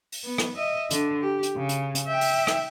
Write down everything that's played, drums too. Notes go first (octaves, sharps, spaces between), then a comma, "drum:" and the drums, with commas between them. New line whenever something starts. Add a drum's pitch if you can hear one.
drum: open hi-hat
B3
drum: rim click
D#5 E5
D3, drum: hi-hat
G4
drum: hi-hat
C#3
drum: hi-hat
drum: hi-hat
E5 G5
drum: open hi-hat
drum: rim click